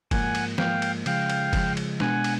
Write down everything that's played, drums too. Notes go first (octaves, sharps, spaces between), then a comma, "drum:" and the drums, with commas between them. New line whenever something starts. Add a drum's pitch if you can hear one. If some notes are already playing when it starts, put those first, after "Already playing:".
G#2 F3 A#3 F#5 G#5, drum: kick, cymbal
drum: cymbal
G#2 F3 A#3 F5 G5, drum: snare
drum: cymbal
C#3 F3 G#3 F5 G5, drum: cymbal
drum: cymbal
C#3 F3 G#3, drum: kick, cymbal
drum: cymbal
B2 G#3 B3 D4 F#5 G#5, drum: snare
drum: cymbal